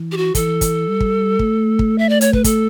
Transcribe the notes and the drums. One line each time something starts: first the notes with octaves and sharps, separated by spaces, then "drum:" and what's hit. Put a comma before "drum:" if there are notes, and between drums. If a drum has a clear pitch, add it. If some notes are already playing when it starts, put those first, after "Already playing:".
Already playing: E3
G4
F#4
E3 A4, drum: kick, hi-hat
drum: kick, hi-hat
G3
drum: kick
A3, drum: kick
drum: kick
E5
D5
C#5, drum: hi-hat
B4, drum: kick
A4, drum: kick, hi-hat